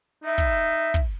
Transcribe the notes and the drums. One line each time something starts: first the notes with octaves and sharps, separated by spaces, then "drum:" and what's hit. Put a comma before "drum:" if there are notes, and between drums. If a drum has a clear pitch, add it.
D#4 E5
drum: kick
drum: kick